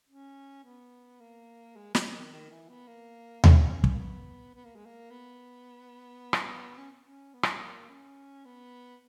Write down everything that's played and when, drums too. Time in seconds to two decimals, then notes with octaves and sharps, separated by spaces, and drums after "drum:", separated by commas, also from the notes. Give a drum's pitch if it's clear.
0.09 C#4
0.65 B3
1.21 A#3
1.76 G#3
1.95 F#3, drum: snare
2.13 D#3
2.32 D#3
2.50 E3
2.69 B3
2.88 A#3
3.44 C#4, drum: tom D#2
3.84 drum: kick
3.94 A#3
3.99 B3
4.55 B3
4.65 A#3
4.76 G#3
4.86 A#3
5.11 B3
6.33 drum: rim click
6.78 C#4
7.00 C#4
7.34 B3
7.43 drum: rim click
7.62 A#3
7.89 C#4
8.45 B3